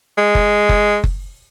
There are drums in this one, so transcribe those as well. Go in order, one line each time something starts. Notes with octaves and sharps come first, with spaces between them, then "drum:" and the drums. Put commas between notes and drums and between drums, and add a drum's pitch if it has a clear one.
G#3
drum: kick F#1
drum: kick F#1
drum: kick F#1